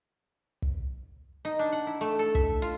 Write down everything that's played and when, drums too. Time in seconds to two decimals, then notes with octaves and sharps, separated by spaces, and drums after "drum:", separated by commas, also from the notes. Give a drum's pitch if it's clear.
0.62 drum: kick
1.45 D#4
1.59 D4
1.72 F#5
1.87 E4
2.01 A3
2.19 A4
2.35 E5, drum: kick
2.62 F4